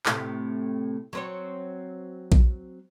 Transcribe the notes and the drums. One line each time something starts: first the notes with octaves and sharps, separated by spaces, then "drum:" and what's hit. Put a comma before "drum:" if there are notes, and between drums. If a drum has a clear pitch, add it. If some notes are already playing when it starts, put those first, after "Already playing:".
A2 C3, drum: clap
F#3 C4 C#5
drum: kick A#1